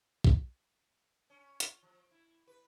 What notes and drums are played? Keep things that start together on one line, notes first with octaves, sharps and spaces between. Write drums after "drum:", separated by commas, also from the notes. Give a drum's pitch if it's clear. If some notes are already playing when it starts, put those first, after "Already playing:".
drum: kick
C#4
F4, drum: hi-hat
F3
E4
B4